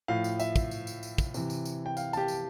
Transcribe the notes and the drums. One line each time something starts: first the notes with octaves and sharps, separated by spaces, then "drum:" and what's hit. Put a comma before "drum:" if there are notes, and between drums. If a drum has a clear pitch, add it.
A2 F3 F5
drum: tambourine
E5, drum: tambourine
drum: kick, tambourine
drum: tambourine
drum: tambourine
drum: tambourine
drum: kick, tambourine
C3 E3, drum: tambourine
drum: tambourine
drum: tambourine
G5
F5, drum: tambourine
A5, drum: tambourine
G4 G5
drum: tambourine